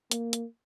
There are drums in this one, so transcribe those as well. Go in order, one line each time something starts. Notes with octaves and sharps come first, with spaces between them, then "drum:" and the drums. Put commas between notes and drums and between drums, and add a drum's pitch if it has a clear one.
A#3, drum: hi-hat
drum: hi-hat